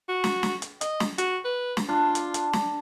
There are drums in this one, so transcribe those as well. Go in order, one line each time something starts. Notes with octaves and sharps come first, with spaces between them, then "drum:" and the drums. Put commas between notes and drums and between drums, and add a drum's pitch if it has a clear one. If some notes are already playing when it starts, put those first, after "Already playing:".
F#4
drum: snare
drum: snare
drum: hi-hat
D#5, drum: hi-hat
drum: snare
F#4, drum: hi-hat
B4
drum: snare
D4 F4
drum: hi-hat
drum: hi-hat
drum: snare